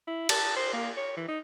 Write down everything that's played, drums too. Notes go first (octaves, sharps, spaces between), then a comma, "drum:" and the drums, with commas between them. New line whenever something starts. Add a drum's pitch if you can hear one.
E4
A5, drum: cymbal
C5
A#3
C#5
E3
D#4